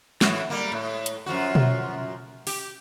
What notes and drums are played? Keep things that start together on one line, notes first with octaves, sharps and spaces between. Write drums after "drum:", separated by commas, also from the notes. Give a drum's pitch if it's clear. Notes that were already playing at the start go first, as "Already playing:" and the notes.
A2 E3 F#4, drum: snare
G3 A#3
A2
drum: hi-hat
F#2 F3 F#4
drum: tom B2
G4, drum: open hi-hat